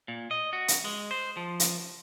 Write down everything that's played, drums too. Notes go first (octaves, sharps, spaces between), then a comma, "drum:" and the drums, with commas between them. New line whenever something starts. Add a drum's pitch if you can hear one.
A#2
D#5
F#4
drum: hi-hat
G#3
C5
F3
drum: hi-hat